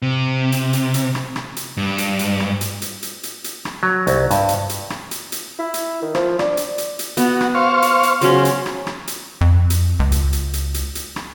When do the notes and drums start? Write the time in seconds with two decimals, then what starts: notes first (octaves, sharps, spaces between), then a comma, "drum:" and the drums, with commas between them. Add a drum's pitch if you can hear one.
0.02 C3
0.52 drum: hi-hat
0.73 drum: hi-hat
0.94 drum: hi-hat
1.15 drum: rim click
1.36 drum: rim click
1.57 drum: hi-hat
1.77 G2
1.98 drum: hi-hat
2.19 drum: hi-hat
2.40 drum: rim click
2.61 drum: hi-hat
2.82 drum: hi-hat
3.03 drum: hi-hat
3.23 drum: hi-hat
3.44 drum: hi-hat
3.65 drum: rim click
3.83 F#3
4.07 C2, drum: hi-hat
4.31 G2, drum: hi-hat
4.49 drum: hi-hat
4.69 drum: hi-hat
4.90 drum: rim click
5.11 drum: hi-hat
5.32 drum: hi-hat
5.59 E4
5.74 drum: hi-hat
6.02 D#3
6.15 F3, drum: rim click
6.39 D4, drum: rim click
6.57 drum: hi-hat
6.78 drum: hi-hat
6.99 drum: hi-hat
7.17 B3 F#4, drum: hi-hat
7.41 drum: rim click
7.55 C5 F5 C#6
7.82 drum: hi-hat
8.03 drum: hi-hat
8.21 C#3 F#3 C#4 C5, drum: hi-hat
8.45 drum: hi-hat
8.66 drum: rim click
8.87 drum: rim click
9.07 drum: hi-hat
9.41 F2
9.70 drum: hi-hat
10.00 C#2
10.12 drum: hi-hat
10.33 drum: hi-hat
10.54 drum: hi-hat
10.74 drum: hi-hat
10.95 drum: hi-hat
11.16 drum: rim click